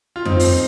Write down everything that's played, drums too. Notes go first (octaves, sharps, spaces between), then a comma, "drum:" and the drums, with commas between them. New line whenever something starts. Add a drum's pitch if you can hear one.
F4
C4 D#4, drum: tom F2
drum: open hi-hat